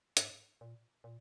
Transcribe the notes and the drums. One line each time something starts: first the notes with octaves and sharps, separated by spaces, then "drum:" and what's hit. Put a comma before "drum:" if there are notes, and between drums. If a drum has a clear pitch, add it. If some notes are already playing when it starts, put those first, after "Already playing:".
G#2, drum: hi-hat
A#2
A#2